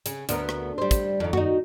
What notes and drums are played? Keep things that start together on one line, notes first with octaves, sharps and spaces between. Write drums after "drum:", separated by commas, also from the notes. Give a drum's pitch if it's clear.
C#3, drum: hi-hat
D2 B3 A#4, drum: hi-hat
drum: rim click
G3 C5
drum: kick, hi-hat
F2 D#3
D#4 F#4, drum: tom F#2